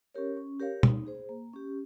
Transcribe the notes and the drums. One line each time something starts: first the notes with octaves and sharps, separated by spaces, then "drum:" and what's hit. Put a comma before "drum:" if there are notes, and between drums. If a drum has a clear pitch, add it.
C#4 G4 A#4 C#5
C#4
G4 A#4 C#5 F5
D#4, drum: tom
G#4 C5
A#3
C#4 G4